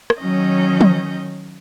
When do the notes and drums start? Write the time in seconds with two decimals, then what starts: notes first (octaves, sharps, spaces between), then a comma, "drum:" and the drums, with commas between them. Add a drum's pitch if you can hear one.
0.10 drum: rim click
0.20 D#3 F#3 C#4 D#5 G6
0.81 drum: tom